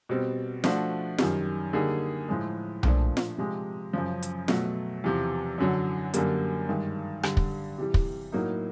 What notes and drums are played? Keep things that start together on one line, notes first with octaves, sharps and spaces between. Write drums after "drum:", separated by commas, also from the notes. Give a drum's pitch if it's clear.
B2 G3 C4
F3 A3 D4 F#4, drum: snare F4
F#2 D#3 G3, drum: snare F4
D3 G3 A#3 D#4 G#4
A2 F3 G#3
A#2 F3 A3 D4, drum: tom B1
drum: snare F4
C3 F3 G#3
F#2 C#3 F3
drum: hi-hat
B2 F#3 A3, drum: snare F4
E2 C3 F3
F#2 D3 F#3
F#2 D3 G3 A#3, drum: hi-hat
G2 D#3 G#3
G2 D3 G3, drum: rim click
drum: kick
C3 E3 G3
drum: kick
A2 F#3 A#3 D#4